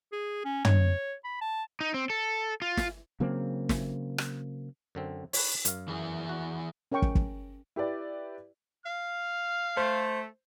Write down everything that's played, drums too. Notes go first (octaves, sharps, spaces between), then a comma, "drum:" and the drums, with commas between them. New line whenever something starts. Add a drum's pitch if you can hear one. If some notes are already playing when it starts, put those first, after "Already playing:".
G#4
C#4
C#5, drum: tom
B5
A5
D#4
C4
A4
F4
drum: snare
C#3 F#3 A#3 C4
drum: snare
drum: rim click
F#2 D3 C4
B4 C#5, drum: open hi-hat
F#2 F5, drum: hi-hat
E3 E4 G#4
F#4
C#4 A#4 C#5 G5 C#6
drum: kick
drum: kick
E4 G4 B4 D5
F5 F6
A3 C5